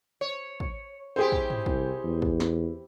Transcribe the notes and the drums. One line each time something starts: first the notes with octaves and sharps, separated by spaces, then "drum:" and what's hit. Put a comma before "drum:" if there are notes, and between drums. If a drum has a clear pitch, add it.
C#5
drum: kick
C4 E4 G4 G#4 C5
drum: kick
drum: tom
C2, drum: kick
E2
drum: kick
drum: snare